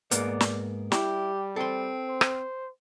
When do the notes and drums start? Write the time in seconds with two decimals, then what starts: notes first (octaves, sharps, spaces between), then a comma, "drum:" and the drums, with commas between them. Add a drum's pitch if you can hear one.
0.11 G#2 A#3 B3 D5, drum: hi-hat
0.40 drum: snare
0.92 G3 E4 G4, drum: snare
1.56 C4 A4 C6
2.09 C5
2.21 drum: rim click